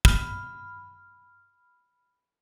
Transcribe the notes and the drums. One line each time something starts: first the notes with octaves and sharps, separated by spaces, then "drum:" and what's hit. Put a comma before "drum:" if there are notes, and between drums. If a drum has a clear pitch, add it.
B5 F6, drum: kick